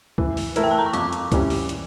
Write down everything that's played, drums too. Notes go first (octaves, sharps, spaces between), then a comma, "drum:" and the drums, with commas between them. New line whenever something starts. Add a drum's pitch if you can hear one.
E3, drum: kick C#2
drum: open hi-hat
A3 E4 A#4, drum: hi-hat
G5
A5
A#5
C#6
F2 D6, drum: hi-hat
drum: hi-hat
E3 G3 C#4, drum: kick C#2, hi-hat
drum: open hi-hat
drum: hi-hat